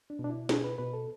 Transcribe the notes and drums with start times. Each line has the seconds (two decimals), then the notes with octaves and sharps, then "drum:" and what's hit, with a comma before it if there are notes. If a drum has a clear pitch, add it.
0.10 D4
0.19 B2
0.24 D4
0.30 E4
0.49 B2 G#4, drum: snare
0.64 B4
0.78 B2 B4
0.93 A4